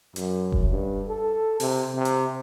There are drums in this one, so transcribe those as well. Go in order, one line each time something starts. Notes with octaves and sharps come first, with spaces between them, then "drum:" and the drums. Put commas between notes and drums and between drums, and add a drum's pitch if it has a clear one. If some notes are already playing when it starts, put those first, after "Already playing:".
F#2, drum: hi-hat
drum: kick F1
G2
A4
C3, drum: open hi-hat
C3
drum: hi-hat